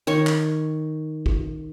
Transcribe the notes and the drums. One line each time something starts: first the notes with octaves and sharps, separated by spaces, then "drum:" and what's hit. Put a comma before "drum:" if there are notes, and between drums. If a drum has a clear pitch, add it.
D#3 C#5 C#6
drum: clap
drum: kick